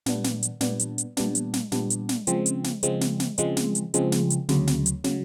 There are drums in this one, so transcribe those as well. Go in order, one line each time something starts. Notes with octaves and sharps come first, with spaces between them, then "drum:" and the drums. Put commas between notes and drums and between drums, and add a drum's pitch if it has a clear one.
A#2 G3 B3 D4, drum: snare
drum: snare
drum: hi-hat
A#2 G3 B3 D4, drum: snare
drum: hi-hat
drum: hi-hat
A#2 G3 B3 D4, drum: snare
drum: hi-hat
drum: snare
A#2 G3 B3 D4, drum: snare
drum: hi-hat
drum: snare
C#3 F3 G#3 C4, drum: hi-hat
drum: hi-hat
drum: snare
C#3 F3 G#3 C4, drum: hi-hat
drum: snare
drum: snare
C#3 F3 G#3 C4, drum: hi-hat
drum: snare
drum: hi-hat
C#3 F3 G#3 C4, drum: hi-hat
drum: snare
drum: hi-hat
D2 C#3 F#3, drum: snare
drum: snare
drum: hi-hat
C#3 F#3, drum: snare